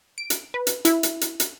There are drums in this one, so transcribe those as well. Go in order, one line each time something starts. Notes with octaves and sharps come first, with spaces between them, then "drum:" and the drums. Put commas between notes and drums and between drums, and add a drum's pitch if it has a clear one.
D7
drum: hi-hat
B4
drum: hi-hat
E4, drum: hi-hat
drum: hi-hat
drum: hi-hat
drum: hi-hat